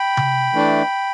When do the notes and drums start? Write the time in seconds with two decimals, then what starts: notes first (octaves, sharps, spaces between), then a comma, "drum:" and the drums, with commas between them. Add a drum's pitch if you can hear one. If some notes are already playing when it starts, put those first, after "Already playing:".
Already playing: G5 B5
0.17 drum: tom C3
0.53 E3 A3 D4